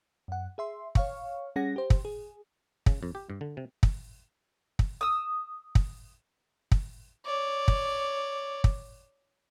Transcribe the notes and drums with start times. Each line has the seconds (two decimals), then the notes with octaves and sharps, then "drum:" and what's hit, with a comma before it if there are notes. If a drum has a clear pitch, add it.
0.28 F#2 F#5
0.58 G#4 E5 C6
0.95 C#5 F5 C#6, drum: kick
1.56 G3 C#4 G#4 F#5 A#6
1.76 G4 C5
1.90 drum: kick
2.05 G#4
2.86 C#3, drum: kick
3.03 F2
3.15 G4
3.30 G2
3.41 D3
3.57 C3
3.83 drum: kick
4.79 drum: kick
5.01 D#6 E6
5.75 drum: kick
6.72 drum: kick
7.26 C#5 D5
7.68 drum: kick
8.64 drum: kick